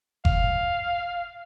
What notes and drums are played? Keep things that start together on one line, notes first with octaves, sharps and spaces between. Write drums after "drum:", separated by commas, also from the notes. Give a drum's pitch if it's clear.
F5, drum: kick F#1